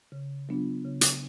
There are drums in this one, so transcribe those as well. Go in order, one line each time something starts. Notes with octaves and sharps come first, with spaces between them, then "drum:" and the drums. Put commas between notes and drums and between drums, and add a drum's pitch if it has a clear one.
C#3
F#3 B3 D4 F4
C#3
drum: hi-hat